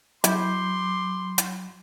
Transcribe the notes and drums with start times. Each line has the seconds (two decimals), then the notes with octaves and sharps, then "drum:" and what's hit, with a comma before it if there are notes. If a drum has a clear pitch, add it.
0.24 F#3 E4 B5 C6 D6 G6, drum: hi-hat
1.38 drum: hi-hat